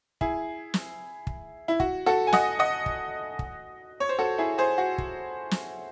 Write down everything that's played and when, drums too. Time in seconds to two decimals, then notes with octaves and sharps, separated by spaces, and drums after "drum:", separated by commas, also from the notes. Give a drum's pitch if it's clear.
0.21 E4 G#4, drum: kick
0.74 drum: snare
1.27 drum: kick
1.68 E4
1.80 F#4, drum: kick
2.06 F#4 A4
2.27 G#5
2.32 D#5 F#5, drum: snare
2.59 D#5 F#5
2.86 drum: kick
3.39 drum: kick
4.00 C#5
4.09 C5
4.19 F#4 A4
4.38 E4 G#4
4.58 G#4 C5
4.78 F#4
4.98 drum: kick
5.51 drum: snare